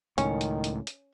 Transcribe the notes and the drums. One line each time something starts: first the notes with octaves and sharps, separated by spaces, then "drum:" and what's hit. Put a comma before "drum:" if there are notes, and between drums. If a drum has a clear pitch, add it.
C#2 A2 D#3 C#4, drum: hi-hat
drum: hi-hat
drum: hi-hat
drum: hi-hat